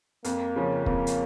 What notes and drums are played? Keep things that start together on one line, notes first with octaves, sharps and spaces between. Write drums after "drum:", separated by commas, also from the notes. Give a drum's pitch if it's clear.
F2 A#3, drum: hi-hat
C#3 F3 C#4
F2 A#3, drum: kick
drum: hi-hat